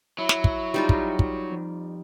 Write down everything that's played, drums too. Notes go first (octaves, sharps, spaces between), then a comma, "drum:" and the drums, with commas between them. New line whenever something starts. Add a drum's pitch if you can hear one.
F#3 E4
drum: snare
drum: kick
G3 D#4 F4
drum: kick
drum: kick
F2